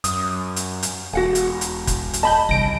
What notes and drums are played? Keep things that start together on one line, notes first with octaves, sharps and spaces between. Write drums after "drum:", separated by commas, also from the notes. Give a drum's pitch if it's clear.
F#2 D#6, drum: hi-hat
drum: hi-hat
drum: hi-hat
E1 F#4 F#5 G#5
drum: hi-hat
drum: hi-hat
drum: kick F1, hi-hat
drum: hi-hat
D#5 G#5 A5 B5 G6
G1 C2 A#6 D7